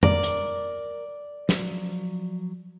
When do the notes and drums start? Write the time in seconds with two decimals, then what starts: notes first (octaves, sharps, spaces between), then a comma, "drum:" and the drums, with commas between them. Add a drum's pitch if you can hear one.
0.03 A#4 D5 A#5, drum: tom F2
0.23 drum: hi-hat
1.49 F3 F#3, drum: snare